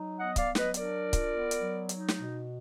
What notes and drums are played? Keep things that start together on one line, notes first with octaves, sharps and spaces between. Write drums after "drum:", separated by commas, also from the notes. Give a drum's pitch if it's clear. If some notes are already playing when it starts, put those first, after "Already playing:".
Already playing: F#3 D#4
B3 D#5 F#5
D5 F5, drum: kick C#1, hi-hat
F#3
B4 D#5, drum: snare
D4 A#4 D5, drum: hi-hat
F4
drum: kick C#1, hi-hat
B3
drum: hi-hat
F#3
D#4, drum: hi-hat
drum: snare
B2